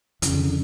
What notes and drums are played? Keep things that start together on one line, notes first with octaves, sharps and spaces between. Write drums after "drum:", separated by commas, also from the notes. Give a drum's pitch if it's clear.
F2 C#3 E3, drum: hi-hat
D3
D3